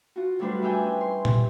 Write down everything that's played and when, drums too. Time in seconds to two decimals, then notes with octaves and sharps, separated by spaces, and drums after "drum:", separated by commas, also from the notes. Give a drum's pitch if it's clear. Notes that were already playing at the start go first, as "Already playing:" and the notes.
0.16 F4 F#4
0.39 F#3 G3 A3 D4 B4 C5
0.62 E3 D4 E5 F5 G5 G#5
0.84 C#4
1.01 C6
1.25 G4, drum: tom A#2